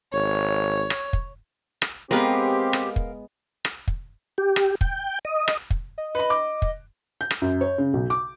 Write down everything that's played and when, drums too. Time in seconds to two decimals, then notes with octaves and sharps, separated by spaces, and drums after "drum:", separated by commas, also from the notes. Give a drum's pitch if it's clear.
0.13 G#1 C#5
0.90 drum: rim click
1.13 drum: kick
1.82 drum: rim click
2.11 G#3 B3 C4 G4 A#4 B4 F5
2.73 drum: rim click
2.96 drum: kick
3.65 drum: rim click
3.88 drum: kick
4.38 G4
4.56 drum: rim click
4.81 G5, drum: kick
5.25 D#5
5.48 drum: rim click
5.70 drum: kick
5.98 D#5
6.15 B4 B5
6.30 D6
6.62 drum: kick
7.21 G6
7.31 drum: rim click
7.42 F#2
7.61 C#5
7.78 C#3
7.93 B1
8.10 D6